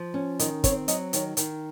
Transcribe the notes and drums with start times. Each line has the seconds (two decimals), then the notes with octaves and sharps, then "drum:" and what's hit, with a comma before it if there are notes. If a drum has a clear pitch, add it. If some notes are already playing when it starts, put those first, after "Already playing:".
Already playing: F3
0.14 C#4
0.39 D#3 D#5, drum: hi-hat
0.64 C4 C#5, drum: kick, hi-hat
0.88 F#3 D#5, drum: hi-hat
1.13 D#3 C#5, drum: hi-hat
1.37 D#3, drum: hi-hat